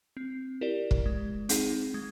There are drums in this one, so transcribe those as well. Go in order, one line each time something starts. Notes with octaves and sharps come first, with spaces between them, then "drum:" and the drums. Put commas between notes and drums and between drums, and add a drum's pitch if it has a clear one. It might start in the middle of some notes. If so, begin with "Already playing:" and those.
C4
E4 G4 A#4 D5
drum: kick
G#3
C4 D#4 G#4, drum: hi-hat
G#3